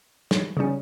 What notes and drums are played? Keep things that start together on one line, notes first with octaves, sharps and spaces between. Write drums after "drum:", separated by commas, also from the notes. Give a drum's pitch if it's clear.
drum: snare
C#3 G3 C#4